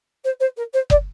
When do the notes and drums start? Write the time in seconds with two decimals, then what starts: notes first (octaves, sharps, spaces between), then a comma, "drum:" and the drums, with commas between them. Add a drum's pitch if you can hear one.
0.24 C5
0.40 C5
0.56 A#4
0.73 C5
0.90 D5, drum: kick F#1